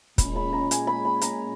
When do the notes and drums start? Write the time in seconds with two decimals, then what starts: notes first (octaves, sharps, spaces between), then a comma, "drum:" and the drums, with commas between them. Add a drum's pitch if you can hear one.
0.18 A#2 G#3 C#4 B5, drum: kick, hi-hat
0.36 B5
0.53 A#5
0.71 G#5, drum: hi-hat
0.87 B5
1.05 B5
1.21 A#5, drum: hi-hat